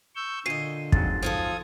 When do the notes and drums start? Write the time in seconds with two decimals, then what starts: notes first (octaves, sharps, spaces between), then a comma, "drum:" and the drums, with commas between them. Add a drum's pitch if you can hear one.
0.16 C#6 E6 G6
0.46 A#2 D3 D#5 C7 D#7
0.92 F2 G#2 F#3 A6, drum: kick
1.23 F3 F4 A4 D#6 G#6